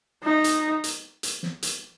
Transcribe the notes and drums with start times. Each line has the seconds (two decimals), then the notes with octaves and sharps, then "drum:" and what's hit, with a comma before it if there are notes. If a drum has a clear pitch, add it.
0.24 D#4
0.44 drum: hi-hat
0.84 drum: hi-hat
1.23 drum: hi-hat
1.43 drum: snare
1.63 drum: hi-hat